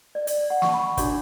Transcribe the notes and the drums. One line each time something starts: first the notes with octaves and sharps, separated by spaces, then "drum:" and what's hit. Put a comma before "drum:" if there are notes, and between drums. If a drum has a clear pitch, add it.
D5
D5, drum: hi-hat
F#5
C#6, drum: snare
A5
B5
D4 F#4 C#5 D6, drum: kick, hi-hat